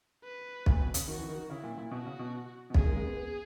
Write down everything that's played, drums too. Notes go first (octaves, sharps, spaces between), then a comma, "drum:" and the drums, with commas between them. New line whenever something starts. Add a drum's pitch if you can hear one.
B4
A#2, drum: kick
B2
C#3, drum: hi-hat
D#3 F#4
E3
D#3
D#3
C#3 E4
A#2
A#2
B2 F#4
C#3
B2
B2
C#3 G#4, drum: kick
D#3
G#3
A#3
B3
B3